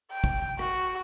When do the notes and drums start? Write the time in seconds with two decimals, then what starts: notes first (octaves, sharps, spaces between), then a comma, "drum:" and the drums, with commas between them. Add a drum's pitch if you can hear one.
0.12 G5
0.24 drum: kick
0.59 F#4, drum: rim click